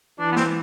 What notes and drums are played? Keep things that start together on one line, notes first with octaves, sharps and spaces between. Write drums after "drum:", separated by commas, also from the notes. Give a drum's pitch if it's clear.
E3 D4
B3
C4, drum: snare